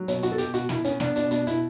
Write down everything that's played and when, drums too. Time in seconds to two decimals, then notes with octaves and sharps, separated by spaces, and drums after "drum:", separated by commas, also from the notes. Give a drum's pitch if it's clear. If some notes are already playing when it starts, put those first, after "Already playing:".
Already playing: F#3
0.08 B2 C#5, drum: hi-hat
0.23 B2 F#4, drum: hi-hat
0.32 A4
0.38 B2 G4, drum: hi-hat
0.54 B2 F#4, drum: hi-hat
0.69 B2 E4, drum: snare
0.85 B3 C#4, drum: hi-hat
1.00 B3 D4, drum: snare
1.16 B2 D4, drum: hi-hat
1.31 B2 D4, drum: hi-hat
1.47 B2 E4, drum: hi-hat